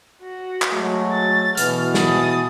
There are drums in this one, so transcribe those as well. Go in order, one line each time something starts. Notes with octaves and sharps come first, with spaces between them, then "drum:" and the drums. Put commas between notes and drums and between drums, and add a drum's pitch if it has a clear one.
F#4
drum: clap
F#3 G#3 A3
A6
B2 E3 F6, drum: hi-hat
D#6 A6, drum: snare